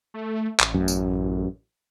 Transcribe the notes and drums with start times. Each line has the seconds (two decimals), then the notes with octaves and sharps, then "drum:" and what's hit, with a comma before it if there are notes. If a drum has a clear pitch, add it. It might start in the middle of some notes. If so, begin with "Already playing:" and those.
0.14 A3
0.60 A1, drum: clap
0.74 F#2
0.88 drum: tambourine